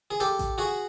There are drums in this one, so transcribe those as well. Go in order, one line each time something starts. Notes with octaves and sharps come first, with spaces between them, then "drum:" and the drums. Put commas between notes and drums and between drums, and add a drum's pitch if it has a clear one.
G#4
G4 A4, drum: hi-hat
drum: kick A1, hi-hat
F#4 G#4